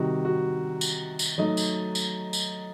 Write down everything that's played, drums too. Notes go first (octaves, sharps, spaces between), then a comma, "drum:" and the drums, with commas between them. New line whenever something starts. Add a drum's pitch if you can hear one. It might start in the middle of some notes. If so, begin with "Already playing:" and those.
Already playing: C3 D#3 G3 D#4 F#4
F#4
drum: tambourine
drum: tambourine
F#3 A3 D#4
drum: tambourine
drum: tambourine
drum: tambourine